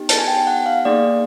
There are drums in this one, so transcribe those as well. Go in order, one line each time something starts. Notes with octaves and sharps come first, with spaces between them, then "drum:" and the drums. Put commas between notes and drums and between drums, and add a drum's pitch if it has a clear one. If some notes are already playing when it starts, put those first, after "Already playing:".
Already playing: B3 D#4 G4
A5, drum: hi-hat
G#5
G5
F#5
F5
A#3 D#4 G#4 D5